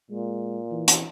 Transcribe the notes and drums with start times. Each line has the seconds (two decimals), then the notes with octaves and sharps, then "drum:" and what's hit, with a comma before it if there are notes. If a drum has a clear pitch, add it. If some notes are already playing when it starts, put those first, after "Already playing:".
0.10 A#2 G#3
0.71 E3
0.88 drum: hi-hat